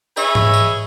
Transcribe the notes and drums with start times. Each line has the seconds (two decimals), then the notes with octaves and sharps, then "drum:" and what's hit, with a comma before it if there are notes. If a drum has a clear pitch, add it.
0.17 G#4 B4 C#5 D#5 E5, drum: tambourine
0.35 drum: tom G#2
0.54 drum: tambourine